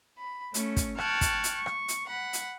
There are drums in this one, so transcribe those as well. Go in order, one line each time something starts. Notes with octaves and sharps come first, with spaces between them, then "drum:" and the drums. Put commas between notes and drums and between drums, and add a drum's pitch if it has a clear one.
B5
A3 C#4, drum: hi-hat
drum: kick, hi-hat
G5 A5 C#6 F6 F#6 G#6, drum: rim click
drum: kick, hi-hat
drum: hi-hat
C#6
drum: rim click
drum: hi-hat
F#5 B5
drum: hi-hat